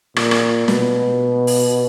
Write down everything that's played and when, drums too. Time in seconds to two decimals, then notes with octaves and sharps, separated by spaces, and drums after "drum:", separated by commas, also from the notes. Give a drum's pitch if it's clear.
0.16 A#2, drum: rim click
0.31 drum: rim click
0.68 B2, drum: snare
1.47 drum: open hi-hat